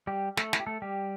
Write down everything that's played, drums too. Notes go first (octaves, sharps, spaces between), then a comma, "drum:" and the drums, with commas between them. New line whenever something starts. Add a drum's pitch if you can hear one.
G3 G4
A3 A4, drum: snare
E4, drum: snare
G4
A3 A4
G3 G4